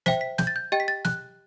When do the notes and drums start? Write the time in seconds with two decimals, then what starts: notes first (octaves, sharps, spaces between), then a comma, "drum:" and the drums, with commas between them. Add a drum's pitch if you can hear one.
0.06 C5 E5 G5 B6, drum: snare
0.21 B6
0.38 G6, drum: snare
0.47 A6
0.56 G6
0.72 G4 D#5 G5 A6
0.80 B6
0.88 A6
1.05 F#6, drum: snare